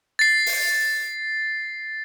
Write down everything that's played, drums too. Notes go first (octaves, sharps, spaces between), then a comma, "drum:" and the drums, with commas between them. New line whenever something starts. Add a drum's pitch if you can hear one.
A6 C7
drum: open hi-hat